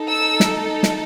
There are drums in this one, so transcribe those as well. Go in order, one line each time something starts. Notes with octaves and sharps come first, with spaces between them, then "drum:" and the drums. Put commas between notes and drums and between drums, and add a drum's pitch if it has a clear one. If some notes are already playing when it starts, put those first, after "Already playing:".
Already playing: D#4 A4
E6
drum: snare
drum: snare